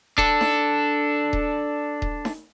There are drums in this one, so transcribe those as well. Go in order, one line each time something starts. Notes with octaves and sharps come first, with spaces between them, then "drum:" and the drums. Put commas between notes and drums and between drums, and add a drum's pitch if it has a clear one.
D4 A4, drum: kick D#1
drum: snare D#4
drum: kick D#1
drum: kick D#1
drum: snare D#4